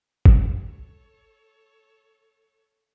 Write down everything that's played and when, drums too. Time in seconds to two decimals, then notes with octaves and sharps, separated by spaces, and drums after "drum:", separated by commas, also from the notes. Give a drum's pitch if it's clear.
0.25 A4 C#5, drum: kick G1